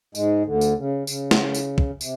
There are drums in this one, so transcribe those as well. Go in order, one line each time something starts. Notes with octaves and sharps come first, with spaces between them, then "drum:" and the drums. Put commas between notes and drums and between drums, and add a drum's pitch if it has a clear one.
G#2 G#3, drum: tambourine
D2 D3
drum: tambourine
C#3
C#3, drum: tambourine
drum: snare
drum: tambourine
drum: kick
C3, drum: tambourine